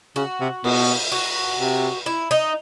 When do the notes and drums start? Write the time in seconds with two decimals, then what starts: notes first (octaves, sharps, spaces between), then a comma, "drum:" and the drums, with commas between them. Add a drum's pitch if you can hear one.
0.16 C#3 F#4
0.41 C3
0.64 B2, drum: cymbal
1.12 F#4
1.59 C3
2.06 E4
2.31 D#4